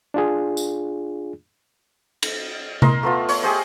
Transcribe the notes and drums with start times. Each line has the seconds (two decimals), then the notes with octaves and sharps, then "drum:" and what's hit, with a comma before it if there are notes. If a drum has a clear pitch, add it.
0.14 D4 F4 G#4
0.57 drum: tambourine
2.23 drum: cymbal
2.82 A#4 D#5 C6, drum: tom C3
3.03 A3 B3 F4
3.29 C#5, drum: open hi-hat
3.42 G4 G#4 C5 D#5